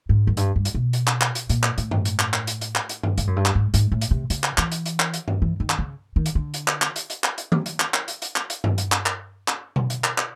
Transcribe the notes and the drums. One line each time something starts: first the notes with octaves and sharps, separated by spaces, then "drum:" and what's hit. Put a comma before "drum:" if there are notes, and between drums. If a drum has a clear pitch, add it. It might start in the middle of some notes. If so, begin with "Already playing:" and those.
G#2
F#2
G2, drum: hi-hat
G2
drum: hi-hat
B2
drum: hi-hat
drum: clap
drum: clap
drum: hi-hat
A#2, drum: hi-hat
drum: clap
A2, drum: hi-hat
drum: tom G2
drum: hi-hat
drum: clap
drum: clap
drum: hi-hat
drum: hi-hat
drum: clap
drum: hi-hat
drum: tom G2
G#2, drum: hi-hat
F#2
G2
drum: clap
G#2
G#2, drum: hi-hat
A2
drum: hi-hat
C3
C#3, drum: hi-hat
drum: clap
E3, drum: clap
drum: hi-hat
drum: hi-hat
drum: clap
drum: hi-hat
drum: tom G2
E3
D#3
drum: clap
C#3
D#3
drum: hi-hat
D3
drum: hi-hat
drum: clap
drum: clap
drum: hi-hat
drum: hi-hat
drum: clap
drum: hi-hat
drum: tom D#3
drum: hi-hat
drum: clap
drum: clap
drum: hi-hat
drum: hi-hat
drum: clap
drum: hi-hat
drum: tom G2
drum: hi-hat
drum: clap
drum: clap
drum: clap
drum: tom B2
drum: hi-hat
drum: clap
drum: clap